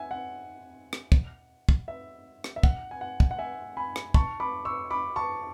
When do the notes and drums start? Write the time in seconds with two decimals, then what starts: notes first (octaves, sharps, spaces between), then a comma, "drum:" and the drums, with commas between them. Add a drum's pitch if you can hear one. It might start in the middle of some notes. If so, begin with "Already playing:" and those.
Already playing: E5 F#5 G#5
0.11 F#5
0.93 drum: rim click
1.12 drum: kick
1.69 drum: kick
1.88 E5
2.44 drum: rim click
2.56 E5
2.63 F#5, drum: kick
2.91 G#5
3.01 F#5
3.20 drum: kick
3.31 F#5
3.39 E5 G#5
3.77 G#5 B5
3.96 drum: rim click
4.14 A5 C#6, drum: kick
4.40 B5 D6
4.65 C#6 E6
4.90 B5 D6
5.16 A5 C#6